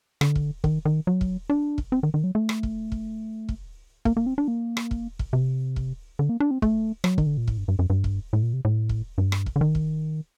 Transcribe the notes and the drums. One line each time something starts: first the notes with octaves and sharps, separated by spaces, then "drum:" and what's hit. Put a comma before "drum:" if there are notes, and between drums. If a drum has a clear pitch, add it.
D3, drum: rim click
drum: kick
D#3, drum: kick
D#3
F#3
drum: kick
D4
drum: kick
C4
D#3
D#3
F#3
A3
drum: rim click
drum: kick
drum: kick
drum: kick
A#3, drum: kick
A#3
C4
D4
A#3
drum: rim click
drum: kick
drum: kick
C3
drum: kick
D3
A#3
D4
C4
A3, drum: kick
F#3, drum: rim click
D#3, drum: kick
D3
A#2
A2, drum: kick
G2
G2
F#2
G2
drum: kick
A2
A#2
C3
A2
drum: kick
G2
drum: rim click
drum: kick
D3
D#3
drum: kick